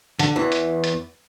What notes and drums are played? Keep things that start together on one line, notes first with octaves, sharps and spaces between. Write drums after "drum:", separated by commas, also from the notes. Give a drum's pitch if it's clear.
D3, drum: hi-hat
E2 E3
drum: hi-hat
drum: hi-hat